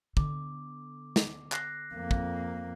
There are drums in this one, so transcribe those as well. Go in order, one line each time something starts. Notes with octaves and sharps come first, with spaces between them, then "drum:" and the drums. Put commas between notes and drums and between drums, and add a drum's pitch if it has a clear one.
D3 B3 D6, drum: kick
drum: snare
F#6 A#6 C7, drum: clap
F2 A#3
drum: kick